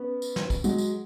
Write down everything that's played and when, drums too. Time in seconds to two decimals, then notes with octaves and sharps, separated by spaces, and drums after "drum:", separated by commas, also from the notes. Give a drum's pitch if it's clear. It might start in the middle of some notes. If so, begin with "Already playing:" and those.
Already playing: B3 C#4
0.22 drum: tambourine
0.36 drum: snare
0.50 drum: kick, tambourine
0.64 F#3 G#3, drum: tambourine
0.78 drum: tambourine